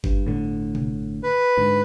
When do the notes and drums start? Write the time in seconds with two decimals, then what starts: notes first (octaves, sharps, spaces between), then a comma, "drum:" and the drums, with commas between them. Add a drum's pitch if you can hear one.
0.04 G2, drum: kick G1
0.25 G1 A2 D3
0.75 drum: tom B2
1.23 B4
1.57 G#2 D3